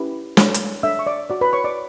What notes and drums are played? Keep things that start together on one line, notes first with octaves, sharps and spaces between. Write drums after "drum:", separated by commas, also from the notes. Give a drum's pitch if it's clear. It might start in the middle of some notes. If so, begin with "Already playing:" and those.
Already playing: C#4 E4 G4 B4
D4 A4 C#5, drum: snare
drum: hi-hat
D4 A4 C#5 E5 E6
C#6
D5 D6
F#4 C#5 D5 D6
B4 B5
C#5 C#6
D5 D6